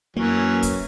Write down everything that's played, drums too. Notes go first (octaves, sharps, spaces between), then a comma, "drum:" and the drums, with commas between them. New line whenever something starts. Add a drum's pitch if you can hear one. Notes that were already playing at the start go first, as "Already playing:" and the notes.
F#2 E3 F#3 A#3 C#4
drum: kick, hi-hat